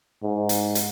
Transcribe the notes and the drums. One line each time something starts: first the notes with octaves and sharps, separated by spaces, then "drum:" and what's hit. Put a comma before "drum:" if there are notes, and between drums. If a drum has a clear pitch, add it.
G#2
drum: hi-hat
drum: hi-hat